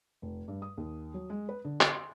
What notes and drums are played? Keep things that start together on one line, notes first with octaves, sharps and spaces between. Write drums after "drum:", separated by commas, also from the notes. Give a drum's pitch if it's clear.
F1
G2
D#6
D#2
F#3
G#3
B4
D3
drum: clap
C6